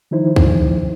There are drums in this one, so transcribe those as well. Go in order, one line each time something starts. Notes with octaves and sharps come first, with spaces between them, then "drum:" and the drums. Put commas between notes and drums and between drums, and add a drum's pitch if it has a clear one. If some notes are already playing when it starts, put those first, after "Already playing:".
D#3 F3 D#4 E4 C5
drum: kick